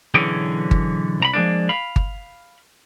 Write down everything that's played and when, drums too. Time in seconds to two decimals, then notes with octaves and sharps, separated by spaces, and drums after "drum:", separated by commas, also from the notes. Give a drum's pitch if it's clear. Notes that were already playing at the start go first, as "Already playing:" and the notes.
0.14 B1 D3 E3 C#4 G#4 G5
0.71 drum: kick G1
1.20 C2 A#5 B5
1.33 F3 G#3 A#3 D4
1.69 F5 B5
1.96 drum: kick G1